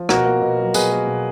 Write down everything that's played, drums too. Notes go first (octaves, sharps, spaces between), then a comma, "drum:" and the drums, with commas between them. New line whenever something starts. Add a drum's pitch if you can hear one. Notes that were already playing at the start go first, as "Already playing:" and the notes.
Already playing: F3
B2 F#4 A#4, drum: rim click
A#3
B2
F#3
B2 G#4 B4, drum: tambourine
A#3
B2